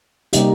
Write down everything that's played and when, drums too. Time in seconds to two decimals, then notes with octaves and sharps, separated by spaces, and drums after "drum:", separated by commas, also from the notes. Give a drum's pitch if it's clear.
0.33 C3 G3 A#3 D#4 G4, drum: hi-hat